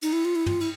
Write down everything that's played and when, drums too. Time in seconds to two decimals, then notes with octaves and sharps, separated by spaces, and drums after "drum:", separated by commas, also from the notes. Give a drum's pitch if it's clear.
0.02 D#4, drum: cymbal
0.13 E4
0.25 F4
0.36 E4
0.46 F4, drum: tom
0.61 E4, drum: cymbal